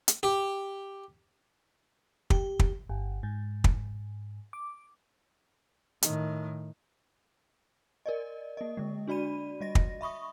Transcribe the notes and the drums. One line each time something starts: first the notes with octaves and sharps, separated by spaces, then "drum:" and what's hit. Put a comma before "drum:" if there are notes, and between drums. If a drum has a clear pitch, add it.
drum: hi-hat
G4
G4, drum: kick
drum: kick
G1
G#2
drum: kick
D6
A2 D#3, drum: hi-hat
A#4 D5 D#5
A#3 D#5
D3 G#3
D4 F#4 D5 B5 D#7
G3 D#5 A#6
drum: kick
E5 B5 C#6 D#6